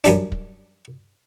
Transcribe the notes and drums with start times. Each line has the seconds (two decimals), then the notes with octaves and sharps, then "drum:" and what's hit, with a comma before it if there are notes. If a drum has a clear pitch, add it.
0.04 F#2 G3 D4, drum: hi-hat
0.32 drum: kick